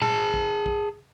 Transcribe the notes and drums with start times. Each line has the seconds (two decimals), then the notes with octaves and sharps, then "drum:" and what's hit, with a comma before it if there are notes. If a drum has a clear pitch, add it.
0.02 G#4 A5, drum: tom A#2
0.34 drum: kick
0.66 drum: kick